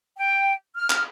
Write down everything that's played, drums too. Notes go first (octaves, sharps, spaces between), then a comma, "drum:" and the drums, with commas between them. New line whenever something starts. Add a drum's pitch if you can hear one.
G5
F6
drum: clap